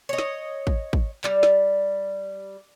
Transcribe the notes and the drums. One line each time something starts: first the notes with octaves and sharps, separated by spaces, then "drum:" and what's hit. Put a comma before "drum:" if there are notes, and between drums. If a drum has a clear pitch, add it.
C#5 D#5
drum: snare
drum: kick
drum: kick
G3, drum: clap
drum: snare